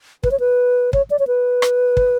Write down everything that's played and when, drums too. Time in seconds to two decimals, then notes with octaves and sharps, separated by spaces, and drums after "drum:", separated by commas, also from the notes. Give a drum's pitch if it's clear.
0.24 B4, drum: kick
0.31 C#5
0.40 B4
0.93 C#5, drum: kick
1.10 D5
1.19 C#5
1.27 B4
1.62 drum: rim click
1.97 drum: kick